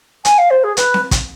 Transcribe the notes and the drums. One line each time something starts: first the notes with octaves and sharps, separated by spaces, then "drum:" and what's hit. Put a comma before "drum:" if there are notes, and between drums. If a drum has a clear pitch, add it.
G#5, drum: hi-hat
F5
C5
G#4
B4, drum: hi-hat
drum: snare C4
drum: kick, hi-hat